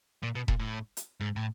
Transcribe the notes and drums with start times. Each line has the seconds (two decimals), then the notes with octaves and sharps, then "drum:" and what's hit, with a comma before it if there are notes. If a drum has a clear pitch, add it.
0.23 A#2
0.35 B2
0.48 A#2, drum: kick E1
0.59 A2
0.97 drum: hi-hat
1.21 G#2
1.36 A2